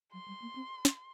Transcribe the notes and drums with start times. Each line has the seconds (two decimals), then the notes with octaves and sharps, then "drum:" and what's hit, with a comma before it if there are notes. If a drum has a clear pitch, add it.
0.13 F#3 C6
0.28 G3
0.42 A#3
0.55 C4
0.85 drum: snare